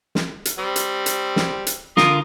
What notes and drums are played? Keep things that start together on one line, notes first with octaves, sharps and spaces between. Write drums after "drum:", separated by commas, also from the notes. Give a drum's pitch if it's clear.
drum: snare
drum: hi-hat
G3 C4
drum: hi-hat
drum: hi-hat
drum: snare
drum: hi-hat
D3 F4 A#4 D#6, drum: snare